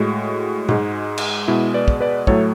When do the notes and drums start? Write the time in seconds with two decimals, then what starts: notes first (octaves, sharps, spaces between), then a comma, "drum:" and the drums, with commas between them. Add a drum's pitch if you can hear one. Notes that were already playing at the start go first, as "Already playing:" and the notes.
Already playing: A2 G#3 F#4
0.69 G#2 G#3, drum: tom A#2
1.18 drum: cymbal
1.48 B2 G#3 E4
1.74 B4 D5
1.88 drum: kick
2.00 B4 D5
2.27 A2 F#3 A3 A4 C#5, drum: kick